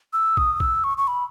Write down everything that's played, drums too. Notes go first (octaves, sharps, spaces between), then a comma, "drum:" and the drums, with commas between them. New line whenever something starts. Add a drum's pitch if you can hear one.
E6
D#6, drum: kick
E6, drum: kick
C#6
C#6
B5